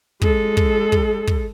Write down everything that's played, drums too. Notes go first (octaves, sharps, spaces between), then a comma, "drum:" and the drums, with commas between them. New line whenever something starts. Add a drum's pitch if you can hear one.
G#3 A4, drum: kick
drum: kick
drum: kick
drum: kick